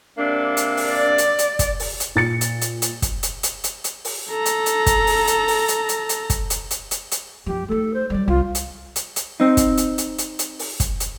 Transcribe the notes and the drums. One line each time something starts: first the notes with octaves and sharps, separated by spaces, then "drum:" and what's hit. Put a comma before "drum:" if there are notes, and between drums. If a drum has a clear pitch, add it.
C3 A#3 D4
drum: hi-hat
drum: open hi-hat
D5
drum: hi-hat
drum: hi-hat
drum: kick, hi-hat
drum: open hi-hat
drum: hi-hat
A#2 A6 C#7
drum: hi-hat
drum: hi-hat
drum: hi-hat
drum: kick, hi-hat
drum: hi-hat
drum: hi-hat
drum: hi-hat
drum: hi-hat
drum: open hi-hat
A4 A#5
drum: hi-hat
drum: hi-hat
drum: kick, hi-hat
drum: open hi-hat
drum: hi-hat
drum: open hi-hat
drum: hi-hat
drum: hi-hat
drum: hi-hat
drum: kick, hi-hat
drum: hi-hat
drum: hi-hat
drum: hi-hat
drum: hi-hat
F#2 F3 G4
A3 D#4 A4
C5
F#3 G3 D5
C2 F4
drum: hi-hat
drum: hi-hat
drum: hi-hat
C4 D#4
drum: kick, hi-hat
drum: hi-hat
drum: hi-hat
drum: hi-hat
drum: hi-hat
drum: open hi-hat
drum: kick, hi-hat
drum: hi-hat